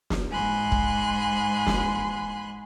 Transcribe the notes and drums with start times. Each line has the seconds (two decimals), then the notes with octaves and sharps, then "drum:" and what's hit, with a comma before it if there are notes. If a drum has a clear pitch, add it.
0.10 drum: snare
0.30 G#2 G#5 B5 C6 F#6
0.72 drum: kick
1.67 drum: snare